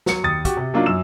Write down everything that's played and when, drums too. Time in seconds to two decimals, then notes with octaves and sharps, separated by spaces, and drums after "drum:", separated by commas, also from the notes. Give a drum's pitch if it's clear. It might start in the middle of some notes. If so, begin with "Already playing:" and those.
0.06 F#3 C#7, drum: snare
0.23 D#2 D#6 A6
0.45 F#4 G4, drum: kick, hi-hat
0.57 C3
0.74 F#3 A#3 D4 D#4 F4
0.86 F#2 E6 E7